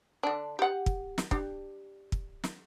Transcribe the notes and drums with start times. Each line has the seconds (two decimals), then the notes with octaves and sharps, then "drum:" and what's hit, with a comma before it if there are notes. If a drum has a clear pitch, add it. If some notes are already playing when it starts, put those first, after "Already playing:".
0.23 D3 D4
0.59 G4 F#5
0.86 drum: kick
1.18 drum: snare
1.31 D4 G4, drum: kick
2.12 drum: kick
2.44 drum: snare